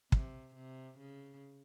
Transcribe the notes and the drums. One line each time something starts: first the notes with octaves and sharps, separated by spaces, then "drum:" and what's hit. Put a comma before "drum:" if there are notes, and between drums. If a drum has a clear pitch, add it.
C3, drum: kick
C3
C#3